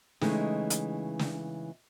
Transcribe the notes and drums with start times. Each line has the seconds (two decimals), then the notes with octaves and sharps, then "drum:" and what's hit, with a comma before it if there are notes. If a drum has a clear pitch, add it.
0.21 C#3 E3 G#3 A3 D#4, drum: snare
0.70 drum: hi-hat
1.19 drum: snare